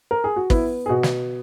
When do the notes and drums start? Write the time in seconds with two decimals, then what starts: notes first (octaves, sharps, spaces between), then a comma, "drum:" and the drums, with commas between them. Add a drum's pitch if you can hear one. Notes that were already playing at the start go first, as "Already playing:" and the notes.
0.11 A#4
0.24 G#4
0.36 F#4
0.50 B3 E4, drum: kick
0.86 G#4
0.89 B2 F#4
1.03 drum: snare